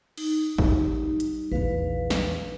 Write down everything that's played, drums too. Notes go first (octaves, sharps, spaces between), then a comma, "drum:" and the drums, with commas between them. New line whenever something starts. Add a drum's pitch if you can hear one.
D#4, drum: cymbal
G3, drum: kick
drum: hi-hat
A#1 E2 B4 F5
drum: snare